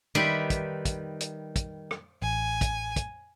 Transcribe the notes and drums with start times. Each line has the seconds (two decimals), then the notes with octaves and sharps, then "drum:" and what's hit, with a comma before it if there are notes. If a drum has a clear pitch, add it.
0.15 D#3 G3 B4 E5 G5 C6, drum: tom
0.50 drum: kick, hi-hat
0.85 drum: kick, hi-hat
1.21 drum: hi-hat
1.56 drum: kick, hi-hat
1.91 drum: rim click
2.22 A1 G#5
2.61 drum: kick, hi-hat
2.96 drum: kick, hi-hat